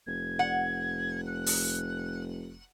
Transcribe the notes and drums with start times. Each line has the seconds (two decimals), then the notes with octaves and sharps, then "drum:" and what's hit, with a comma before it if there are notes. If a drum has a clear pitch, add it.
0.07 F1 G#6
0.39 F#5
1.27 F#6
1.46 drum: open hi-hat